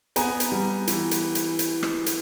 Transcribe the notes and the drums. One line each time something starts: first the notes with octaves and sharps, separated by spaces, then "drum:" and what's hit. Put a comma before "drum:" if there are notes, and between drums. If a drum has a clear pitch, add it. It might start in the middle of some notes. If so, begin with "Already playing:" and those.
B3 G#5 A#5, drum: hi-hat
drum: hi-hat
G3
E3, drum: hi-hat
drum: hi-hat
drum: hi-hat
drum: hi-hat
drum: rim click
drum: hi-hat